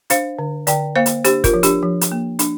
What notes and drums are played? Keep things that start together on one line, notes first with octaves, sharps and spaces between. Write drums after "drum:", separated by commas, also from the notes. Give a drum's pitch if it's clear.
D4 C5 F5, drum: hi-hat
D3
D3 D5 G5, drum: hi-hat
A#3 C5 F5
drum: hi-hat
D4 G4 C5, drum: hi-hat
F4 A#4, drum: kick, hi-hat
F3
D4 G4, drum: hi-hat
F3
drum: hi-hat
A#3
D4, drum: hi-hat